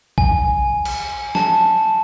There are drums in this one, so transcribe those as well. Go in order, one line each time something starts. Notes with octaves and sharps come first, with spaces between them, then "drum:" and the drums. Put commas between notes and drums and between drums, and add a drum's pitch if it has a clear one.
G#5, drum: kick
drum: cymbal
A5, drum: snare